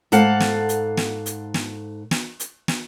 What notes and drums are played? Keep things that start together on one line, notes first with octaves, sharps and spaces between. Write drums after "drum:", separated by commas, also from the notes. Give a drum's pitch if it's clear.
G#2 A4 F5 F#5, drum: hi-hat
drum: snare
drum: hi-hat
drum: snare
drum: hi-hat
drum: snare
drum: snare
drum: hi-hat
drum: snare